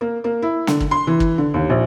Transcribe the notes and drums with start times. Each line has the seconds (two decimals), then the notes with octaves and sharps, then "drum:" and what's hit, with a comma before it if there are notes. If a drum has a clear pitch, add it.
0.01 A#3
0.24 A#3
0.42 E4
0.67 D3, drum: snare
0.80 drum: kick
0.91 C6
1.07 E3
1.20 drum: kick
1.38 D3
1.54 D#2
1.70 A#1